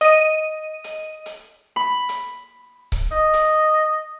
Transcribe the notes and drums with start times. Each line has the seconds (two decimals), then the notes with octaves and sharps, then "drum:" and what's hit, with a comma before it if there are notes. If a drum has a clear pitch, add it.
0.01 D#5 D#7, drum: hi-hat
0.84 drum: hi-hat
1.26 drum: hi-hat
1.76 B5
2.09 drum: hi-hat
2.92 drum: kick C#1, hi-hat
3.12 D#5
3.33 drum: hi-hat